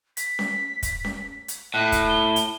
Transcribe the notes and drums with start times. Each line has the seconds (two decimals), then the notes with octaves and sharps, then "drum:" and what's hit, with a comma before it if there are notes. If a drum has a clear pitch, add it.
0.17 B6, drum: hi-hat
0.39 drum: snare C#4
0.83 drum: kick, hi-hat
1.04 drum: snare C#4
1.48 drum: hi-hat
1.74 A2 F#6
1.92 drum: kick, hi-hat
2.09 G7
2.36 drum: hi-hat